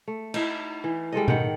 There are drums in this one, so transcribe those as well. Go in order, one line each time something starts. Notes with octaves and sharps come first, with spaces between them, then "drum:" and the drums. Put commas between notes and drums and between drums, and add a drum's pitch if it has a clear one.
A3
D#4 E4, drum: cymbal
E3
G3 G#3 A4 D#5
D#3 F#5 G5, drum: tom B2